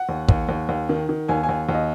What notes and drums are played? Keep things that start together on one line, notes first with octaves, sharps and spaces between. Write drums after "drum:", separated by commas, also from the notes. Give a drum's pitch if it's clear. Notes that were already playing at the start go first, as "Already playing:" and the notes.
Already playing: F#5
D#2
D#2, drum: kick
D#2
D#2
D#3
D#3
D#2 G#5
G#5
D#2
D#2
D#5